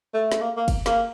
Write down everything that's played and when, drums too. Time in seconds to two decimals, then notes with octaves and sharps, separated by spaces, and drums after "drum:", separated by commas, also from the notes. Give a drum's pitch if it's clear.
0.14 A3
0.32 drum: snare
0.41 A#3
0.57 A#3
0.68 drum: kick, cymbal
0.86 A#3, drum: snare